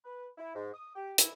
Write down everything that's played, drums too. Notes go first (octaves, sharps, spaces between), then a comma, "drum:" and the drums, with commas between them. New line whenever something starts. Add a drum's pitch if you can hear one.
B4
E4
G#2
D#6
G4
E4, drum: hi-hat